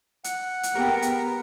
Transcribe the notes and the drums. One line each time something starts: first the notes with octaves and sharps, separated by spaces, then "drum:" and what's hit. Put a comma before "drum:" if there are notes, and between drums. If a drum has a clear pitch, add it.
F#5, drum: hi-hat
drum: hi-hat
B3 G4 G#4 A#4 G5
drum: hi-hat